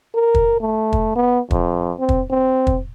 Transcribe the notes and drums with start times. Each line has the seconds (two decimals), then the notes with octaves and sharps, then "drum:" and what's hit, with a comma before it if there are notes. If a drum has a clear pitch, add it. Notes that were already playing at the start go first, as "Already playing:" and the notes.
0.14 A#4
0.35 drum: kick
0.60 A3
0.93 drum: kick
1.15 B3
1.51 F2, drum: kick
1.99 C4
2.09 drum: kick
2.30 C4
2.67 drum: kick